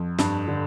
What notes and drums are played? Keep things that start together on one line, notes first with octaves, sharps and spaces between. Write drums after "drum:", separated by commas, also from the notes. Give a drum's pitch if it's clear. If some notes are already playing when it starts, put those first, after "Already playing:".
Already playing: F2
G2, drum: snare
D3